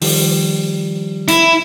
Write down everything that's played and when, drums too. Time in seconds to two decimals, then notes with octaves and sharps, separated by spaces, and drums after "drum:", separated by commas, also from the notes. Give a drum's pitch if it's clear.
0.01 D#3 F3 G3, drum: open hi-hat
1.28 E4, drum: hi-hat